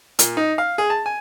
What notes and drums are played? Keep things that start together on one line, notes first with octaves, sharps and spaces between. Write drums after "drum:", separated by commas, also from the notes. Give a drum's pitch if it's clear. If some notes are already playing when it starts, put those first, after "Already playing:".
A#2, drum: hi-hat
D#4
F5
G#4
A5
G#5